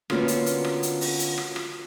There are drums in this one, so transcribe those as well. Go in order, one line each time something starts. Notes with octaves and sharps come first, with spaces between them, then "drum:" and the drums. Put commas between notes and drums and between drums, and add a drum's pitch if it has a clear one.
D3 A#3 B3 C#4 F4 F#4, drum: rim click
drum: hi-hat
drum: hi-hat
drum: rim click
drum: hi-hat
drum: open hi-hat
drum: hi-hat
drum: rim click
drum: rim click